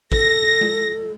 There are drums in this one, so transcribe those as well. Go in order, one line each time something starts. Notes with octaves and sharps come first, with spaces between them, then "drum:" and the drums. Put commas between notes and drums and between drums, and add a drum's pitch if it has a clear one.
A4 A#6, drum: kick
drum: tom G#3